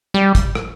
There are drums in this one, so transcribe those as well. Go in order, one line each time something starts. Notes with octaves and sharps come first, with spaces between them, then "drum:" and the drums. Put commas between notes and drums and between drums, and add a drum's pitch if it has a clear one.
G3
drum: kick, hi-hat
drum: rim click